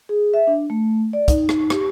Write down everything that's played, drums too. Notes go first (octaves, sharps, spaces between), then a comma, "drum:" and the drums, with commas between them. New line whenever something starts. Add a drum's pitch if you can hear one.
G#4
E5
D4
A3
D5
D#4, drum: kick, hi-hat
drum: rim click
G4, drum: rim click